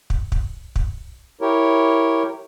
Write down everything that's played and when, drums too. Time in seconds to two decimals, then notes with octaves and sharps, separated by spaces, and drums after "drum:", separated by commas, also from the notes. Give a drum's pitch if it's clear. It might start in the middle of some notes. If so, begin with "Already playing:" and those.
0.10 drum: kick
0.32 drum: kick
0.76 drum: kick
1.41 E4 G4 A#4 C#5